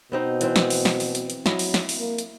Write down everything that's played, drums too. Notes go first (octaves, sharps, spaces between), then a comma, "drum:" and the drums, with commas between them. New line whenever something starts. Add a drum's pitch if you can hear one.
B2 B3 C4 D#4
E3 C4, drum: hi-hat
drum: snare
drum: open hi-hat
drum: snare
drum: open hi-hat
drum: hi-hat
drum: hi-hat
F#3 E4 D#5, drum: snare
drum: open hi-hat
drum: snare
drum: open hi-hat
A#3
drum: hi-hat